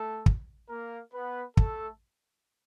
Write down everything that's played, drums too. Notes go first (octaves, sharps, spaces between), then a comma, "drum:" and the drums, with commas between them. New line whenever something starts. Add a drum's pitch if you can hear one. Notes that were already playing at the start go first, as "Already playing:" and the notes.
Already playing: A3 A4
drum: kick
A#3 A#4
B3 B4
A3 A4, drum: kick